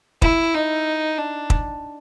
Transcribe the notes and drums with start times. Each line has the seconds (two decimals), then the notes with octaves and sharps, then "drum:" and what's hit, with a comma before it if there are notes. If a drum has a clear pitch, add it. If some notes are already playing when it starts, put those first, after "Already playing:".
0.22 E4, drum: kick
0.54 D#4
1.18 D4
1.50 drum: kick